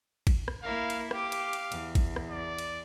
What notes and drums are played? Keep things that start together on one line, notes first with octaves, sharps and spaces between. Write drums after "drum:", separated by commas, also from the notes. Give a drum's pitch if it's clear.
drum: kick G#1, cymbal
drum: rim click
A#3 E4 A#4 F5
drum: cymbal
G4 F5 D6, drum: rim click
drum: cymbal
drum: cymbal
E2, drum: cymbal
drum: kick G#1, cymbal
drum: rim click
D5
drum: cymbal